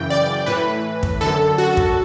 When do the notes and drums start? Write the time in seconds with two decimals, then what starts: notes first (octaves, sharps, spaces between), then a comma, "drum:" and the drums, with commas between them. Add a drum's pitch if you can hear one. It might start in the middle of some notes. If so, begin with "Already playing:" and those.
Already playing: F#2 C#3 E3 G5
0.10 D5
0.46 A2 E3 B4
1.03 drum: kick
1.21 F#2 D3 A4
1.58 F#4
1.77 drum: kick